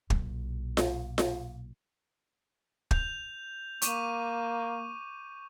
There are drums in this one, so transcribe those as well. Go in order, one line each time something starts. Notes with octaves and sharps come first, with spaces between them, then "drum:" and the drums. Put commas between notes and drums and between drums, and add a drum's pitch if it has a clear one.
B1 A#2, drum: kick
drum: snare F4
drum: snare F4
G6 F7, drum: kick
A#3 C#6 D6 D#7, drum: hi-hat